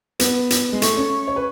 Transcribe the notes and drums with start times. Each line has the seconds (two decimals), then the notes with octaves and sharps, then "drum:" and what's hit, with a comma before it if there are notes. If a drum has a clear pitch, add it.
0.20 B3, drum: hi-hat
0.50 drum: hi-hat
0.73 G#3
0.82 A3 C#6, drum: hi-hat
0.97 C#4
1.27 C#5
1.36 B4